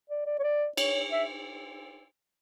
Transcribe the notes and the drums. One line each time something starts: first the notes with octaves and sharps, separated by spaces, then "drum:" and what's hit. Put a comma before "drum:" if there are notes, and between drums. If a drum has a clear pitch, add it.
D5
D5
C#5
D5
C#5, drum: cymbal
E5